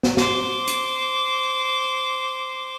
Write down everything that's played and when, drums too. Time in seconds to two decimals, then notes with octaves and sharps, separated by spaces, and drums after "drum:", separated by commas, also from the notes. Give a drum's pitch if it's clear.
0.03 drum: snare
0.17 C5 D6, drum: snare
0.67 drum: hi-hat